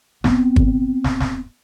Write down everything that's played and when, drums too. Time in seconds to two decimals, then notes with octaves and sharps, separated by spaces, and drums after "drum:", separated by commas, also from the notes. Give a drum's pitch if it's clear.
0.24 B3 C4, drum: snare
0.56 drum: kick
1.04 drum: snare
1.20 drum: snare